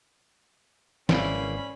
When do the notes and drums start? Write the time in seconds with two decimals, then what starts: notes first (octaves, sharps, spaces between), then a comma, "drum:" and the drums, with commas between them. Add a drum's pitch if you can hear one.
1.09 G#1 C#3 E3 A#3 C#4 C5 D5 B5, drum: snare